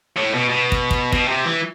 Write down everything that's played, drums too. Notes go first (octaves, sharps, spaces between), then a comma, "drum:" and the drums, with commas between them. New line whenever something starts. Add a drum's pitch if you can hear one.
A2
B2
B2
drum: kick
drum: kick
B2, drum: kick
C3
E3